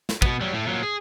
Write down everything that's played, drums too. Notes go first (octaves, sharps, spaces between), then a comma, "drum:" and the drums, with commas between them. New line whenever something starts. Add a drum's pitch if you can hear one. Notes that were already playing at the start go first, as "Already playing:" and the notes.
drum: snare
B2 B3, drum: kick
F#3 G3
A2 A3
A#2 F#3
G#4